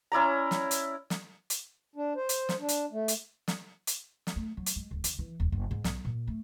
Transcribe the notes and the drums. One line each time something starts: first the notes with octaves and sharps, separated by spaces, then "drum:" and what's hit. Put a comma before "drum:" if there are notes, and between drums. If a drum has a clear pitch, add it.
C#4 E4 D5 A#5
drum: snare
drum: hi-hat
drum: snare
drum: hi-hat
D4
C5
drum: hi-hat
drum: snare
D4
drum: hi-hat
A3
drum: hi-hat
drum: snare
drum: hi-hat
drum: snare
A3
F#3
drum: hi-hat
G#3
D1
D#3, drum: hi-hat
E3
D#1
F#1
G#2
B1, drum: snare
A#2
A3